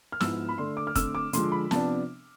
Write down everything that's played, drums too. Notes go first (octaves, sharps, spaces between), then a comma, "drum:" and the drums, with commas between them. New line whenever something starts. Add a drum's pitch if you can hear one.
F6
G#2 F3 B3 E4 E6, drum: snare
B5
D3 A3 D4 C6
D6
F6
D3 A3 C4 E6, drum: kick, hi-hat
D6
D3 F3 G#3 C6, drum: hi-hat
B5
C3 F3 B3 D4 A5, drum: snare